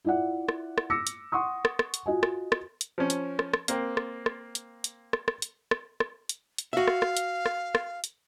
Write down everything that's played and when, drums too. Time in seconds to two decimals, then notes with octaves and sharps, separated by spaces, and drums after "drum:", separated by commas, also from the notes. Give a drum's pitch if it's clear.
0.05 E4 F4 D5 E5 F#5
0.49 drum: rim click
0.78 drum: rim click
0.90 D6 E6 A#6 C#7
1.07 drum: hi-hat
1.32 F#5 C6 C#6 D#6
1.65 drum: rim click
1.79 drum: rim click
1.94 drum: hi-hat
2.06 F4 F#4 D#5 G#5
2.23 drum: rim click
2.52 drum: rim click
2.81 drum: hi-hat
2.98 F3 C#4
3.10 drum: hi-hat
3.39 drum: rim click
3.53 drum: rim click
3.68 A#3 C4, drum: hi-hat
3.97 drum: rim click
4.26 drum: rim click
4.55 drum: hi-hat
4.84 drum: hi-hat
5.13 drum: rim click
5.28 drum: rim click
5.42 drum: hi-hat
5.71 drum: rim click
6.00 drum: rim click
6.29 drum: hi-hat
6.58 drum: hi-hat
6.73 F#4 E5 F5
6.88 drum: rim click
7.02 drum: rim click
7.17 drum: hi-hat
7.46 drum: rim click
7.75 drum: rim click
8.04 drum: hi-hat